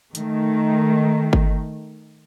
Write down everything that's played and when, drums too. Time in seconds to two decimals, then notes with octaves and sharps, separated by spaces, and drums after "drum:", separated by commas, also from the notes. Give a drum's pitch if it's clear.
0.15 D#3 A3, drum: hi-hat
1.33 drum: kick G1